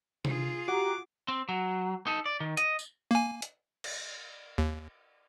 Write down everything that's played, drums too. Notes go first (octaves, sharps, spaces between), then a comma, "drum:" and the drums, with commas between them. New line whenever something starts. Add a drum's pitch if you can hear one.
F4 G#4, drum: tom C3
F#4 G4 F#5 A#5 D6
C4
F#3
D#4 A4
D5
D#3
D#5, drum: hi-hat
drum: tambourine
A#3 G#5
drum: hi-hat
drum: cymbal
D#2